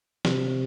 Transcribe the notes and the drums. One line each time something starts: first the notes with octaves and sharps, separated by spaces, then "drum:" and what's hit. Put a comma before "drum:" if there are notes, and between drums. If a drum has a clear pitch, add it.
C3, drum: snare